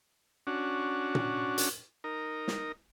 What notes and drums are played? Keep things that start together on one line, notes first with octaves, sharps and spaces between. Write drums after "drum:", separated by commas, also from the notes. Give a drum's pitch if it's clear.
C#4 D4 F#4
drum: tom A#2
drum: hi-hat
D#4 A#4
drum: snare